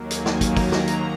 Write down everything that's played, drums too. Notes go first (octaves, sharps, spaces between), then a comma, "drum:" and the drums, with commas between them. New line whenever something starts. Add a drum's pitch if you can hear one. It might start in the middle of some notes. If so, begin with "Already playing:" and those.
Already playing: D#2 D#3 F#3 A#3
G#5, drum: hi-hat
drum: snare
A#5, drum: kick, hi-hat
drum: kick, open hi-hat
drum: snare
drum: hi-hat